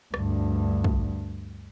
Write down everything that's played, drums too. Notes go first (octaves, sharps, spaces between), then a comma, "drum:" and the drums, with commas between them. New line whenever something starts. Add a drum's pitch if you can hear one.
D2 G2, drum: rim click
drum: kick